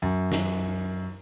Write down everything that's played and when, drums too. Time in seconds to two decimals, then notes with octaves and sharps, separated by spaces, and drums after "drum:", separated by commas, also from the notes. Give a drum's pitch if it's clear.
0.02 F#2
0.32 drum: snare